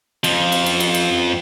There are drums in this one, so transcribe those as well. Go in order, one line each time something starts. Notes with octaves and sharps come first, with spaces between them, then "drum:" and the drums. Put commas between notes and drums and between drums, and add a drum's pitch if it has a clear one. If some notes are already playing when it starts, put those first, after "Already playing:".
F2 F3, drum: cymbal
drum: cymbal
drum: cymbal
drum: cymbal
drum: cymbal